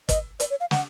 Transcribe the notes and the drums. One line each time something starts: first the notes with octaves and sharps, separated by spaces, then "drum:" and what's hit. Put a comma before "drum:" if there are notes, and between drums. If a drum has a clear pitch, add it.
D#5, drum: kick, hi-hat
D5, drum: hi-hat
C#5
F5
F#5, drum: snare